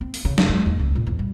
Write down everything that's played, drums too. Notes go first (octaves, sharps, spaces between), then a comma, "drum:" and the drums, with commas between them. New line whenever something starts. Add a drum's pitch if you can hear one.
C4
drum: open hi-hat
C#3
F#1, drum: snare
G#3
D#2
C#2
A#2
E2
G3